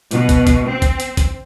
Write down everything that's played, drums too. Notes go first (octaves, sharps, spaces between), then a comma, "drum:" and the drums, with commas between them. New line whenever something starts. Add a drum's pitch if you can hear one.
B2, drum: hi-hat
drum: kick, hi-hat
drum: kick, hi-hat
C4
drum: kick, hi-hat
drum: hi-hat
drum: kick, hi-hat